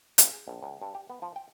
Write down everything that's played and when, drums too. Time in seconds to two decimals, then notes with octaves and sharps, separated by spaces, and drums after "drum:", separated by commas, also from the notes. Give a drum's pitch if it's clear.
0.18 G#2, drum: hi-hat
0.33 G#4
0.48 A#1
0.62 C#2
0.82 G2
0.95 G4
1.10 B3
1.22 F3
1.36 G5